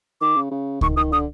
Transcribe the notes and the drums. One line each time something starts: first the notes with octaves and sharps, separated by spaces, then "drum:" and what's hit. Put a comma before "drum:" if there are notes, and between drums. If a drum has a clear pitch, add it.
D#3 D6
C#3
C#3
D#3 C#6, drum: kick C#2
D#3 D#6
D3 D#6